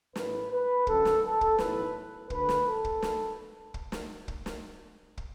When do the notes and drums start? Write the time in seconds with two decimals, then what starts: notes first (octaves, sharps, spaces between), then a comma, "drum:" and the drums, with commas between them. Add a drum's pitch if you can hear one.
0.16 A1 A2 E3 B4, drum: snare
0.52 B4
0.87 F#2 D3 A4, drum: kick
1.05 drum: snare
1.23 A4
1.41 drum: kick
1.58 B1 A2 E3 B4, drum: snare
2.30 D2 D3 B4, drum: kick
2.49 drum: snare
2.67 A4
2.85 drum: kick
3.02 drum: snare
3.74 drum: kick
3.92 drum: snare
4.28 drum: kick
4.46 drum: snare
5.17 drum: kick